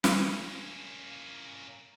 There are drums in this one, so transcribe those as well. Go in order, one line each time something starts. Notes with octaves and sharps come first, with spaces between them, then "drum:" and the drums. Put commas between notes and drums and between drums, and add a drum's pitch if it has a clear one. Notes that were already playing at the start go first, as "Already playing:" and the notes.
A#3 C#4, drum: snare